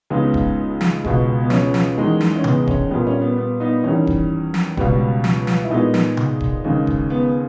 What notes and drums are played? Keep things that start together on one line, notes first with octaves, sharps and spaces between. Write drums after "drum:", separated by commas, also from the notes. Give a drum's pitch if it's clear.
C#2 C#3 G#3 B3 D#4
drum: kick D#1
drum: snare
C#2 B2 G#3, drum: kick D#1
B3
C#4, drum: snare
drum: snare
E2 D#3 G#3
drum: snare
C#4
B3, drum: tom C3
C#4, drum: kick D#1
A#2 G3 B3
C#4
B3
B3
B3 D#4
E2 D#3 G3 C#4
drum: kick D#1
drum: snare
C#2 B2 G3, drum: kick D#1
drum: snare
drum: snare
E4
A#2 G#3 B3 D#4
drum: snare
drum: tom C3
drum: kick D#1
D#2 C#3 G#3
drum: kick D#1
B3